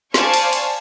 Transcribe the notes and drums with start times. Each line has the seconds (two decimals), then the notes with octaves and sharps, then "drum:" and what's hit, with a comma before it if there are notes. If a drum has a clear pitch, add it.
0.14 C5 D5 F5 G#5 A5 C#6, drum: snare
0.34 drum: cymbal
0.53 drum: cymbal